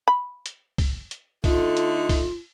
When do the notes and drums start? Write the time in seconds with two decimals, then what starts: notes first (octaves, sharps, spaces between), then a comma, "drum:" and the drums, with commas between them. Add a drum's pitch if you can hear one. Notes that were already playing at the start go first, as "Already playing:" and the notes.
0.08 B5
0.46 drum: hi-hat
0.78 drum: kick, open hi-hat
1.11 drum: hi-hat
1.44 D3 A3 D#4 F4, drum: kick, open hi-hat
1.77 drum: hi-hat
2.09 drum: kick, open hi-hat